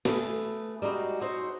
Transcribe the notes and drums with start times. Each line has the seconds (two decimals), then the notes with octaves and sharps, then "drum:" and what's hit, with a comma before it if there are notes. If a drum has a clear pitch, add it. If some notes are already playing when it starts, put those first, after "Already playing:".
0.05 A3 G#4 B4, drum: snare
0.82 G3 G#3 D#4 F#4
1.21 C4 D#4 F#4 G#4 C5 C#5